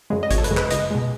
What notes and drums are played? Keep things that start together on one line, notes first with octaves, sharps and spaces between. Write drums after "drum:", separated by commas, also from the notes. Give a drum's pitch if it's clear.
F#2 C#3 G#3
D#5
G#1 C#5, drum: kick G#1, hi-hat
A4
B4, drum: hi-hat
F#2 C#3 G#3
B4, drum: clap
C#2 D#5, drum: hi-hat
B2 G#3